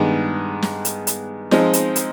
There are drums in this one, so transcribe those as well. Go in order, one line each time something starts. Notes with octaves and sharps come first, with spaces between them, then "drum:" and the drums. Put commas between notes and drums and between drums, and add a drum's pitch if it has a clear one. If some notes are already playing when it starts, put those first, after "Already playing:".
Already playing: G2 D#3 G#3 B3
drum: snare
drum: hi-hat
drum: hi-hat
F3 G#3 C4 D#4, drum: snare
drum: hi-hat
drum: hi-hat